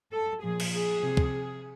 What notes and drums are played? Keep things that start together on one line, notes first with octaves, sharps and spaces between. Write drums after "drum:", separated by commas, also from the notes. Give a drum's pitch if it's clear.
A4
A#2 F3 G#4
drum: cymbal
G#4
C3 F3
drum: kick